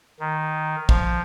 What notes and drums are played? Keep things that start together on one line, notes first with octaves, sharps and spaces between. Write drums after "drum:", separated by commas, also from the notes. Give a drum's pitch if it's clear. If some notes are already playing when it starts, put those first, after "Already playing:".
D#3
F3, drum: kick